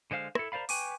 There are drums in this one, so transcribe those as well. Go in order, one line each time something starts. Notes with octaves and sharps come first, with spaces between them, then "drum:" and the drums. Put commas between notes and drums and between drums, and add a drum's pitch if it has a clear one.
D3 G#3 C5 F5 F6
E4 A4, drum: rim click
A#4 C5 D5 F5 B5
B4 G5 G#5 C#6 D6, drum: open hi-hat